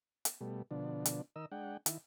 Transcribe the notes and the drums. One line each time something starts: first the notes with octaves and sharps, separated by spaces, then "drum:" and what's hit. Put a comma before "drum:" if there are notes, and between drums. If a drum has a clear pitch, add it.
drum: hi-hat
B2 G3 A3
B2 D3 F3 D4
drum: hi-hat
D#3 A#4 D#5 E6
G#3 D4 F#5 G5
D#3 E4, drum: hi-hat